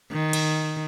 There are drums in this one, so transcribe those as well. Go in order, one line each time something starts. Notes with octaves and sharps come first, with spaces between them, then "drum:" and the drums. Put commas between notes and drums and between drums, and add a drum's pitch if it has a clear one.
D#3
drum: cymbal